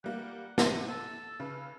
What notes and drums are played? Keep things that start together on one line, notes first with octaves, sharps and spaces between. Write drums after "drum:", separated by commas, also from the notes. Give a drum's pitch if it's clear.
G3 A#3 F#5
D#7, drum: snare
A4
C#3 B4